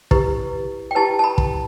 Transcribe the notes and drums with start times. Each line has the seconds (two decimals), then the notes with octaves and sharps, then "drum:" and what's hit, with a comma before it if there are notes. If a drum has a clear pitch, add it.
0.11 E4 G4 B4, drum: kick
0.91 G5
0.95 E4 G4 B4 A5
1.19 A5
1.24 B5
1.38 drum: kick